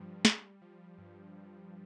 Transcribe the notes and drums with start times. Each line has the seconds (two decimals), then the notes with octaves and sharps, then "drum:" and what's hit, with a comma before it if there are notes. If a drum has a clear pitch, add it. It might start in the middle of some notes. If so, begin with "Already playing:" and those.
Already playing: G2 F3 G3
0.25 G3, drum: snare
0.62 F3
0.98 G2